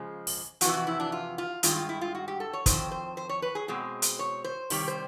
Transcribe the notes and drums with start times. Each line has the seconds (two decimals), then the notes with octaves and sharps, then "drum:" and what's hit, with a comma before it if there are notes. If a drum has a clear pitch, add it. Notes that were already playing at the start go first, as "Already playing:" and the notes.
Already playing: C#3 F3 G#3
0.27 drum: open hi-hat
0.61 F2 C3 E3 F#4, drum: hi-hat
0.74 F#4
0.87 E4
1.00 D4
1.12 F4
1.38 F4
1.63 G2 D#3 G#3 F4, drum: hi-hat
1.76 F4
1.89 E4
2.01 F4
2.15 F#4
2.28 G4
2.40 A4
2.53 C#5
2.66 F2 C3 D#3 C5, drum: kick, hi-hat
2.91 C5
3.17 C5
3.29 C#5
3.42 B4
3.55 G#4
3.68 B2 G#3 C4 G#4
4.02 drum: hi-hat
4.19 C#5
4.44 C5
4.70 C3 D#3 G3 C#5, drum: open hi-hat
4.88 C5